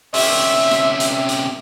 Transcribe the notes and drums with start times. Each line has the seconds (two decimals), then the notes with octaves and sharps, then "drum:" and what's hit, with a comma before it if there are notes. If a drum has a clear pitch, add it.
0.14 C3 C#4 E5, drum: open hi-hat
0.71 drum: hi-hat
1.00 drum: hi-hat
1.29 drum: hi-hat